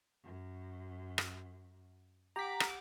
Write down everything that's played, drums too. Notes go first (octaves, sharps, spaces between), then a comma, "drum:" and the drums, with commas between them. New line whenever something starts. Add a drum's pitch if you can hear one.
F#2
drum: rim click
G4 F#5 A#5 D6 B6
drum: rim click